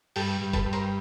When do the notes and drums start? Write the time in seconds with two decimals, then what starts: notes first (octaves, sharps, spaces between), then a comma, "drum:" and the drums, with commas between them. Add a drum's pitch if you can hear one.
0.16 G2 G4 A4, drum: open hi-hat
0.41 G2
0.53 A4 B4, drum: kick, hi-hat
0.66 G2
0.73 A#4 C5, drum: hi-hat